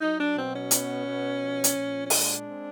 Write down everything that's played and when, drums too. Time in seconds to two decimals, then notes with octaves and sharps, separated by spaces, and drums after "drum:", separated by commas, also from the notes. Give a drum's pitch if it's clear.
0.01 F#3 D#4
0.18 D4
0.36 B2 C4
0.53 C#4
0.71 B3, drum: hi-hat
1.06 B2
1.40 F3
1.64 drum: hi-hat
1.76 A#2
2.04 C#4
2.10 G#3 D4, drum: open hi-hat
2.45 C4